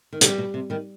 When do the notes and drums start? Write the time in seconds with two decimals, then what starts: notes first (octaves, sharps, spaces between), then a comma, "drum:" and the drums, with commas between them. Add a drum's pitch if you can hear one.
0.13 D#3
0.21 B2 D3 G3, drum: hi-hat
0.38 B2
0.54 C3
0.70 D#3 G3